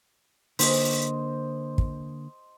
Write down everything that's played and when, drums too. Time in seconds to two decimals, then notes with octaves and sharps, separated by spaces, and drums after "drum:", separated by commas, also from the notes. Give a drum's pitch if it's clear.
0.59 D3 A#3 C5 D#5, drum: open hi-hat
1.78 drum: kick